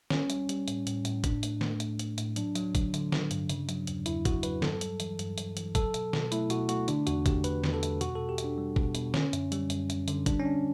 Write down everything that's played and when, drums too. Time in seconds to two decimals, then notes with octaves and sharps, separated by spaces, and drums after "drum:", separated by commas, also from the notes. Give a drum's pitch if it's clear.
0.10 G3 C#4, drum: snare
0.30 G3, drum: hi-hat
0.49 G3, drum: hi-hat
0.68 A2, drum: hi-hat
0.87 A2, drum: hi-hat
1.05 A2, drum: hi-hat
1.24 A2 D4, drum: kick G1, hi-hat
1.43 A3, drum: hi-hat
1.61 A3, drum: snare
1.80 A2, drum: hi-hat
1.99 A2, drum: hi-hat
2.18 A2, drum: hi-hat
2.36 F#3 D4, drum: hi-hat
2.55 F#3, drum: hi-hat
2.75 D3, drum: kick G1, hi-hat
2.94 D3, drum: hi-hat
3.12 D3, drum: snare
3.31 G2, drum: hi-hat
3.49 C#3, drum: hi-hat
3.69 F#3, drum: hi-hat
3.87 E2, drum: hi-hat
4.06 E2 E4, drum: hi-hat
4.25 F#3 F#4, drum: kick G1, hi-hat
4.43 F#3 B4, drum: hi-hat
4.62 G2 A4, drum: snare
4.81 G3, drum: hi-hat
5.00 E3, drum: hi-hat
5.19 G2, drum: hi-hat
5.38 G2, drum: hi-hat
5.57 E3, drum: hi-hat
5.75 F#3 A4, drum: kick G1, hi-hat
5.94 B2, drum: hi-hat
6.13 B2, drum: snare
6.32 A3 E4, drum: hi-hat
6.50 B2 F#4, drum: hi-hat
6.69 A3 F#4, drum: hi-hat
6.88 D3 D4, drum: hi-hat
7.07 E2 F#4, drum: hi-hat
7.26 D3 G4, drum: kick G1, hi-hat
7.44 D3 B4, drum: hi-hat
7.64 E2, drum: snare
7.73 A4
7.83 G3, drum: hi-hat
8.01 B2 F#4, drum: hi-hat
8.16 B2 A4
8.29 G4
8.38 B2, drum: hi-hat
8.44 D4
8.58 G3
8.76 B2, drum: kick G1
8.95 B2, drum: hi-hat
9.14 D3 C#4, drum: snare
9.33 F#2, drum: hi-hat
9.52 G3, drum: hi-hat
9.70 F#2, drum: hi-hat
9.90 F#2, drum: hi-hat
10.08 D3, drum: hi-hat
10.26 G3 D4, drum: kick G1, hi-hat
10.40 C#4
10.45 G3 D4